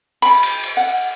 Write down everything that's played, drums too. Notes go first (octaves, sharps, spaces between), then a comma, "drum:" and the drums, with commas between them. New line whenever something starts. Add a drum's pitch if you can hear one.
B5, drum: cymbal
drum: cymbal
drum: cymbal
F#5